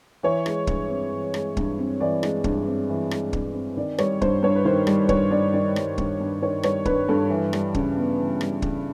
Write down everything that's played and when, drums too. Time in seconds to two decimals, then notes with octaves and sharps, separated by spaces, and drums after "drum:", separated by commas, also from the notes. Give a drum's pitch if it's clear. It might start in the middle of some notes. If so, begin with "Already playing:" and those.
0.23 E3 C#5
0.46 G#3, drum: rim click
0.67 G2, drum: kick
0.89 C4
1.12 E3
1.34 G#3, drum: rim click
1.57 G2, drum: kick
1.79 C4
2.00 E3 D5
2.23 G#3, drum: rim click
2.44 G2, drum: kick
2.67 C4
2.89 E3
3.11 G#3, drum: rim click
3.33 G2, drum: kick
3.54 C4
3.77 D#3 D5
3.98 G3 C#5, drum: rim click
4.22 G2 C5, drum: kick
4.43 G2 C#5
4.55 B4
4.65 D#3 C5
4.87 G3, drum: rim click
5.09 G2 C#5, drum: kick
5.31 G2 D5
5.53 D#3 D5
5.76 G3, drum: rim click
5.98 G2, drum: kick
6.20 G2
6.42 D#3 C#5
6.63 G3 C#5, drum: rim click
6.85 G2 B4, drum: kick
7.09 G2 A4
7.30 E3
7.53 G3, drum: rim click
7.74 C#3, drum: kick
7.97 B3
8.18 E3
8.41 G3, drum: rim click
8.62 C#3, drum: kick